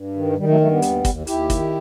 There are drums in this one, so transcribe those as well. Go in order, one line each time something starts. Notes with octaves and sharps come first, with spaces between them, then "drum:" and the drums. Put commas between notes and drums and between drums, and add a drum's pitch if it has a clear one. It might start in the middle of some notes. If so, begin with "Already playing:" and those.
Already playing: G2
D#3
D#3 G3
F#3 A3
G2 F#3 A3
G3 B3
D#2, drum: hi-hat
D#2, drum: kick, hi-hat
D#2 E4 G4, drum: hi-hat
D#3, drum: kick, hi-hat